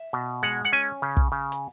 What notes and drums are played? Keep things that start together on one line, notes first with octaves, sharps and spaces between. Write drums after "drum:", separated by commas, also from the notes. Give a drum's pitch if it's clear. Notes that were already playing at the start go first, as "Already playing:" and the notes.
Already playing: E5
B2
G#3 F#5
F#5
C#4 G#5
C#3
drum: kick
C#3
drum: hi-hat